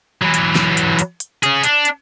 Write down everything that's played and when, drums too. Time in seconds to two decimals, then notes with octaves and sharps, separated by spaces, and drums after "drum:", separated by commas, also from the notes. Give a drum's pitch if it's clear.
0.22 E3 F#3
0.34 drum: hi-hat
0.55 drum: snare
0.77 drum: hi-hat
0.99 drum: hi-hat
1.20 drum: hi-hat
1.43 C#4 G#4, drum: hi-hat
1.64 D4, drum: hi-hat
1.85 drum: hi-hat